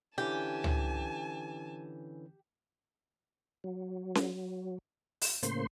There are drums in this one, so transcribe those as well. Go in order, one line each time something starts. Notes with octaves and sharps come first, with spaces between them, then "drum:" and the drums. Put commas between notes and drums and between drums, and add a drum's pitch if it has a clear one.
D3 E3 C#4 G4 G#5 A5
drum: tom C#2
F#3
drum: snare C#4
drum: open hi-hat
A2 C#3 A#3 C5 C6, drum: hi-hat